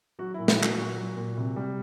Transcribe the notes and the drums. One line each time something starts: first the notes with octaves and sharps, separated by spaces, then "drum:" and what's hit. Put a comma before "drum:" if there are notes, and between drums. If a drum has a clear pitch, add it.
F#3 F#4
A#2 E4
E4, drum: snare
F#3
F#4, drum: clap
A#2 F#4
F#3
A#2
C3
G3